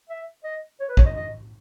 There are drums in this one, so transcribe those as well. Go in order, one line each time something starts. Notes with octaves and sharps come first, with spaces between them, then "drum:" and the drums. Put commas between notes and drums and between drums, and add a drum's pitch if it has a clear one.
E5
D#5
C#5
B4
C#5, drum: kick
D#5
D#5